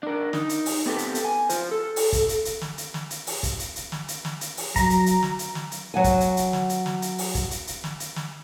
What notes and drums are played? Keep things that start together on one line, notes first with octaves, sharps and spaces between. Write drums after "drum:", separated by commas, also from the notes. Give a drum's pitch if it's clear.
D4 A#4
D#4, drum: snare
drum: hi-hat
drum: open hi-hat
B3 C4 G4 A4 B4
drum: hi-hat
drum: hi-hat
G#5
F4 C5, drum: hi-hat
A4
drum: open hi-hat
drum: kick, hi-hat
drum: hi-hat
drum: hi-hat
drum: snare
drum: hi-hat
drum: snare
drum: hi-hat
drum: open hi-hat
drum: kick, hi-hat
drum: hi-hat
drum: hi-hat
drum: snare
drum: hi-hat
drum: snare
drum: hi-hat
drum: open hi-hat
F#3 A#5, drum: kick, hi-hat
drum: hi-hat
drum: hi-hat
drum: snare
drum: hi-hat
drum: snare
drum: hi-hat
F#3 F#5 G#5
drum: kick, hi-hat
drum: hi-hat
drum: hi-hat
drum: snare
drum: hi-hat
drum: snare
drum: hi-hat
drum: open hi-hat
drum: kick, hi-hat
drum: hi-hat
drum: hi-hat
drum: snare
drum: hi-hat
drum: snare